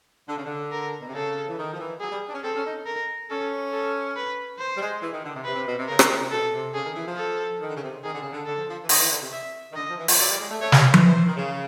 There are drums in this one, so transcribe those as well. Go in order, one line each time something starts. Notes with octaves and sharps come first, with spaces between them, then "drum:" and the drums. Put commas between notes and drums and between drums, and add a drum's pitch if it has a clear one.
D3
C#3
D3
A#4
B2
C3
C#3 A4
E3
D#3
F3
E3
F#3 G#4
G3
D4
C#4
C4 A4
C#4
D#4
A#4
C#4 A4
A4
B4
C5
G3
G#3
E3
D#3
D3
C3
C3 B4
C3
B2
C3
C#3 A#4
C3, drum: rim click
C3
C3
B2 A4
C3
C#3 G#4
D#3
E3
F3
A4
D#3
D3
C#3
C3
D#3 G#4
D3
C#3
D3
D3 A4
F3
F3
E3
D#3 D#5, drum: open hi-hat
E3
D3
C3
E5
D#3
D3 D#5
F3
E3
F3, drum: open hi-hat
F#3 D5
G3
G#3
A3
A3 C#5
G3, drum: snare
F3
E3, drum: tom F3
E3 C5
E3
D#3
C#3